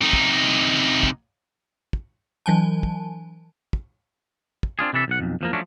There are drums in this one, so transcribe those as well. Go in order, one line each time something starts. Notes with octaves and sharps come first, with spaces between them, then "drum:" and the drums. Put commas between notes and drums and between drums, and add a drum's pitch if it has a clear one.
C3 D#4
drum: kick
drum: kick
drum: kick
E3 F#3 G#5 A5
drum: kick
drum: kick
drum: kick
C4 D4 F4 G#4
C3 E3 D4 A4 E5
B1 F#5
B1 F2
E2 F3 A#3
F3 F#3 A3 C#4 D4 F#4